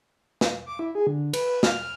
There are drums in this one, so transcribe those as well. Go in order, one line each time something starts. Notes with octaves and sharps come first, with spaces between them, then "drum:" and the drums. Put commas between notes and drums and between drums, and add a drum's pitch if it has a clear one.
drum: snare
D6
E4
G#4
D3
B4, drum: cymbal
F6, drum: snare